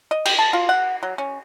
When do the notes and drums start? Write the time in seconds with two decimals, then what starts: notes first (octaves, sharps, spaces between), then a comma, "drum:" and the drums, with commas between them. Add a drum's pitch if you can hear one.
0.11 D#5
0.25 G4, drum: cymbal
0.39 A5
0.53 F4
0.69 F#5
1.03 F#3
1.18 C#4